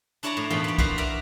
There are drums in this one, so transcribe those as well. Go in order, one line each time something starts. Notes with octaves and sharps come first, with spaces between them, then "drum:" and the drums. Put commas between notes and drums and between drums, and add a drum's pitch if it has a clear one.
D4 E4 C#5 D5 A5 A#5
A2
E2 G#2 B2 F3 A#3 G5
G3 D5
F#4 B4 C5 D5 F5, drum: kick B1
A#4 B4 D5 E5 A#5